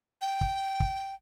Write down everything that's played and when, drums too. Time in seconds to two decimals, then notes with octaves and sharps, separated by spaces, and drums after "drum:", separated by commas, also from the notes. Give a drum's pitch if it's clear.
0.22 G5
0.41 drum: kick
0.80 drum: kick